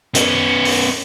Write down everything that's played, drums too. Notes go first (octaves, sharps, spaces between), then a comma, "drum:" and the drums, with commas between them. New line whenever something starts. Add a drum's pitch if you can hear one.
B3 C#4, drum: hi-hat
drum: open hi-hat